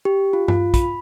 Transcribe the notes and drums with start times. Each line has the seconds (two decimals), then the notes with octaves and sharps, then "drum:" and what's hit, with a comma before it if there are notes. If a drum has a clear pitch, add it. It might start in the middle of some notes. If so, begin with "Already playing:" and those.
0.05 G4
0.33 F4
0.48 F4, drum: tom G2
0.74 B5, drum: kick, hi-hat